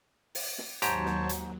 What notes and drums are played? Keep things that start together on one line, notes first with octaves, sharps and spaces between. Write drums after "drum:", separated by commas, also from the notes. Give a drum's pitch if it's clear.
drum: open hi-hat
drum: snare
D#2 G#2 F#3 G4 C5 C#5 A5 A#5, drum: hi-hat
drum: snare
drum: hi-hat